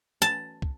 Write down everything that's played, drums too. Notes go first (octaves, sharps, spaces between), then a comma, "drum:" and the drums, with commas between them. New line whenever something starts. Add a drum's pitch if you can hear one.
A5
drum: kick